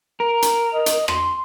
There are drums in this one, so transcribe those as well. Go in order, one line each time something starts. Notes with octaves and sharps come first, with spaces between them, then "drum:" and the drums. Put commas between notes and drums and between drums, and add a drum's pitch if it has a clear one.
A#4
drum: hi-hat
D#5
drum: hi-hat
C6, drum: rim click